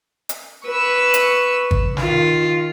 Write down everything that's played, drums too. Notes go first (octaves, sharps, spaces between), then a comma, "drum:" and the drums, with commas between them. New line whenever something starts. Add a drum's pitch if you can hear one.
drum: hi-hat
B4 C#6 E6
drum: hi-hat
drum: kick G#1
D#3 F4, drum: snare